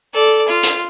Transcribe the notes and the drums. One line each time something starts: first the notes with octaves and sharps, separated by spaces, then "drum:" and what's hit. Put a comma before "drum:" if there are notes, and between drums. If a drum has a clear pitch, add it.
A4 D5
F4
drum: hi-hat